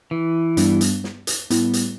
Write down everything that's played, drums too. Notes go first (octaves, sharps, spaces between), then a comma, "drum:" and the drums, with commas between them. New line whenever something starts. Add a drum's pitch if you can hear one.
E3
G2 G3 B3 D4, drum: hi-hat
drum: hi-hat
drum: snare
drum: hi-hat
A2 G3 B3 E4, drum: hi-hat
drum: hi-hat